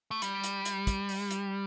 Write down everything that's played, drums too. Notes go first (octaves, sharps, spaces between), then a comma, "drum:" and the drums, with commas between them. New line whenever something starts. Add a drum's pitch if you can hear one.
A3
G3, drum: hi-hat
drum: hi-hat
drum: hi-hat
drum: kick, hi-hat
drum: open hi-hat
drum: hi-hat